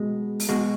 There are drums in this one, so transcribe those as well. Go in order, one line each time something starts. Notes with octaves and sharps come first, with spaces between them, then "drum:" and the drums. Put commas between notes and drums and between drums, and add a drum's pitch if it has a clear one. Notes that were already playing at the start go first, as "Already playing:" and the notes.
Already playing: B2 G#3
drum: open hi-hat
B2 G#3 F#4